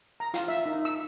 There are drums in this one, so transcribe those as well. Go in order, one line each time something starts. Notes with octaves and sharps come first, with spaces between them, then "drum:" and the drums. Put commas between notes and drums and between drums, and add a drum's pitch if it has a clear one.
A#5
F4, drum: hi-hat
E5
D#4
E6